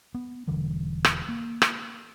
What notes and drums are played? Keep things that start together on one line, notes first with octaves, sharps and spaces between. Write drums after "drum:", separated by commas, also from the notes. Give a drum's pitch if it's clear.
B3
E1 D3 E3 G3
drum: rim click
A#3
drum: rim click